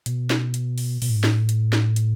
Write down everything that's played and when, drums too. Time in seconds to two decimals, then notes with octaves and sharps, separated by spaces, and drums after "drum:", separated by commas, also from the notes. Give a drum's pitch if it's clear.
0.06 B2, drum: hi-hat
0.30 drum: snare
0.54 drum: hi-hat
0.78 drum: open hi-hat
1.02 B2, drum: open hi-hat
1.09 A2
1.16 G#2
1.24 A2, drum: snare
1.49 drum: hi-hat
1.73 drum: snare
1.96 drum: hi-hat